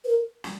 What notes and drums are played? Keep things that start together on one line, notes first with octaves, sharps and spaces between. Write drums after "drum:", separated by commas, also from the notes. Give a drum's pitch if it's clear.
B4
A#4
drum: snare